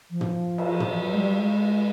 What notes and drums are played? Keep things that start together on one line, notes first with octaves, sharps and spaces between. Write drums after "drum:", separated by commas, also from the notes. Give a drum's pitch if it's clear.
F3
drum: tom
drum: cymbal
drum: tom
F#3
G#3
G3
G#3